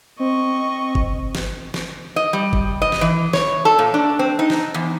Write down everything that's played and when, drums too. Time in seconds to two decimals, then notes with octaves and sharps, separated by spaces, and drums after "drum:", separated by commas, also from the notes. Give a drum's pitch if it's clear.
0.20 C4 D#5 C#6
0.95 drum: kick F#1
1.35 drum: snare
1.74 drum: snare
2.16 D#5
2.33 G3
2.53 drum: kick F#1
2.82 D#5
2.92 drum: snare
3.01 E3
3.33 C#5, drum: snare
3.65 A4
3.79 A#2
3.94 D4
4.19 C4
4.39 D#4
4.50 drum: snare
4.74 E2